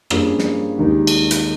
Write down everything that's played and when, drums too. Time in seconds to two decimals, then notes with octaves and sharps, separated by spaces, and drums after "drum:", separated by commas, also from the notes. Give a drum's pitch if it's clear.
0.10 G2 F3 A#3 C#4 G#4, drum: rim click
0.39 drum: snare
0.77 D#2 D#3 G#3 D#4 G4
1.07 drum: cymbal
1.31 drum: hi-hat